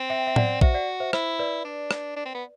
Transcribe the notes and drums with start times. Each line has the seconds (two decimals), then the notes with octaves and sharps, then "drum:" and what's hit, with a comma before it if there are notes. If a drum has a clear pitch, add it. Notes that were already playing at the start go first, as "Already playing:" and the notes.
Already playing: C4
0.10 E5 G5
0.27 E5
0.36 D5 F#5, drum: tom A2
0.61 F#4 C5 E5, drum: kick A#1
0.74 D5 F#5
1.00 C5 E5
1.13 E4 C5, drum: rim click
1.39 B4 D5
1.65 D4
1.91 drum: rim click
2.16 D4
2.25 C4
2.35 B3